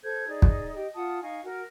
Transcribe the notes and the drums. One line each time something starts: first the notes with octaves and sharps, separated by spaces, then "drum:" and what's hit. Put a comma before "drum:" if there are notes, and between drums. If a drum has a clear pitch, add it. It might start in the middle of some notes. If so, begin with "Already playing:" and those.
A4 C5 G6 G#6
D#4 G#4 D5
drum: kick
G4 D#5
F4 F#5 A5 D#6
D#4 F5 G#5 C#6
F#4 A#4